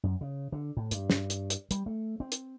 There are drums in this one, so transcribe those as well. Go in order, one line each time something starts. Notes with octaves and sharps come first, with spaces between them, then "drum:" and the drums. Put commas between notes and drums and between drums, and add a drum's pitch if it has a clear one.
F#2
C#3
D3
A2
G2, drum: hi-hat
drum: snare
drum: hi-hat
drum: hi-hat
G3, drum: hi-hat
A3
C4
drum: hi-hat